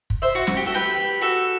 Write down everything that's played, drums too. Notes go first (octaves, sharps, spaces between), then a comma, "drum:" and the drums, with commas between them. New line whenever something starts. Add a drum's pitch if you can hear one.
drum: kick
C5 E5
F#4
F#4, drum: snare
G4
F#4 A4
G4 B4
F#4 A4